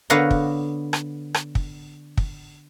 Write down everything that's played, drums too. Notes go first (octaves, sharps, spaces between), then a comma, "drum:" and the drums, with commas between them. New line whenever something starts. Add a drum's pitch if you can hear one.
D3 B3 C#5 F5 F#5 A#5
drum: kick
drum: rim click
drum: rim click
drum: kick
drum: kick